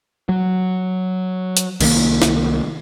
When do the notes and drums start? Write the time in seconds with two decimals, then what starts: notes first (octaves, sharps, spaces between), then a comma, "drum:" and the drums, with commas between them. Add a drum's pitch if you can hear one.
0.29 F#3
1.57 drum: hi-hat
1.81 C2 D#3 G3 A#3, drum: cymbal
2.22 drum: snare